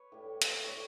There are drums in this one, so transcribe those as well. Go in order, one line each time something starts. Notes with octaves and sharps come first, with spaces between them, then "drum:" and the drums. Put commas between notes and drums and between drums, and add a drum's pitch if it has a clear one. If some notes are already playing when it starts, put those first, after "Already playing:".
Already playing: B4 C#5
A2 G3
drum: hi-hat
A2 G3 C#5